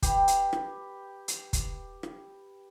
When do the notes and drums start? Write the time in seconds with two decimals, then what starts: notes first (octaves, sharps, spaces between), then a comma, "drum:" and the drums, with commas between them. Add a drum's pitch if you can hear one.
0.02 G4 B4, drum: kick, hi-hat
0.28 drum: hi-hat
0.53 drum: rim click
1.28 drum: hi-hat
1.53 drum: kick, hi-hat
2.03 drum: rim click